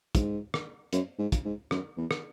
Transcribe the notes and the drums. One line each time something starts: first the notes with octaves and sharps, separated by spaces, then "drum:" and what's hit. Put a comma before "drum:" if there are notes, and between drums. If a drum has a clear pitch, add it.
G#2, drum: kick, hi-hat
drum: rim click
F#2, drum: hi-hat
G#2
drum: kick, hi-hat
G#2
F#2, drum: rim click
E2
drum: rim click